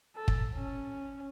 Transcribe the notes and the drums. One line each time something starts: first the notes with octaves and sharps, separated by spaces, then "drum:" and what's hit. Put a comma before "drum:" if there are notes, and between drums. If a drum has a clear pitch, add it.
A4
drum: kick
C#4